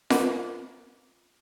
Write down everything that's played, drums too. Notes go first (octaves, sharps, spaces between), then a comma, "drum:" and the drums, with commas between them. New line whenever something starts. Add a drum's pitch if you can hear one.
A#3 B4, drum: snare F4